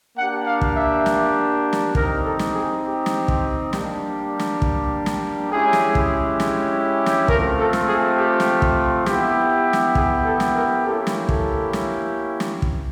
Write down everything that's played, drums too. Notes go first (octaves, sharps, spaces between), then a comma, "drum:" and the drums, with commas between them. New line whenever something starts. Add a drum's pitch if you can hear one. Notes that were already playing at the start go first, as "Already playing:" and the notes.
A#3 D4 G4 F#5
F5
drum: kick
E5
drum: snare
drum: snare
C4 D#4 G4 A#4, drum: kick
A4
drum: snare
G#4
G4
drum: snare
drum: kick
G3 A#3 D4 G4, drum: snare
drum: snare
drum: kick
drum: snare
G#3 C#4 E4 G4 G#4
drum: snare
drum: kick
drum: snare
drum: snare
A3 C4 F4 A#4, drum: kick
A4
drum: snare
G#4
G4
drum: snare
drum: kick
B3 E4 G4, drum: snare
drum: snare
G#4, drum: kick
A4
drum: snare
A#4
A#3 C#4 E4 G4 A4
drum: snare
A4, drum: kick
drum: snare
drum: snare
drum: kick